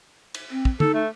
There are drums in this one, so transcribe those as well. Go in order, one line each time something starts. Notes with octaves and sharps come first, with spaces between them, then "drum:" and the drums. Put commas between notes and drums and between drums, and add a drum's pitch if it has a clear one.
drum: cymbal
C4
drum: kick
D#4 A4, drum: tom
A3